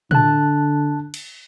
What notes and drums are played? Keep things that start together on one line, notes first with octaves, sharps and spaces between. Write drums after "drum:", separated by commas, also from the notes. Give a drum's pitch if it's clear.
D3 A5 F#6, drum: tom
drum: cymbal